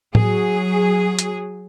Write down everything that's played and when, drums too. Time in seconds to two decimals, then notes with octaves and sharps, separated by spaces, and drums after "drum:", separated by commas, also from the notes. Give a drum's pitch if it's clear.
0.15 F#3 G#4, drum: tom A2
1.19 drum: hi-hat